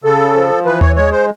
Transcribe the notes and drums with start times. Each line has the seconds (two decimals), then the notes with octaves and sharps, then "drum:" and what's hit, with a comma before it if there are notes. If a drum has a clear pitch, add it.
0.04 C#3 A4
0.35 F3
0.65 E3 B4
0.81 C#5, drum: tom D#2
0.96 G#3 C#5
1.12 C5